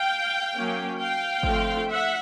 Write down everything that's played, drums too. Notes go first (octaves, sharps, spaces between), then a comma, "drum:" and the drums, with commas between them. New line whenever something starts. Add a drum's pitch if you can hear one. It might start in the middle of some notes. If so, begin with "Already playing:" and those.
Already playing: F5 G5
F#3 A#3 C#4
F5 G5
D3 F3 A3 C4, drum: kick
E5 F#5